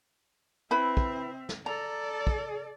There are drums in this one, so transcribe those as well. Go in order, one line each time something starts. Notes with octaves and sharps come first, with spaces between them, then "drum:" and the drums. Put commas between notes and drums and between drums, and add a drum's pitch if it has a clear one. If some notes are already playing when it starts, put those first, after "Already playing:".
C4 E4 B4 E5 B5
drum: kick
drum: snare
A4 D5 A#5
drum: kick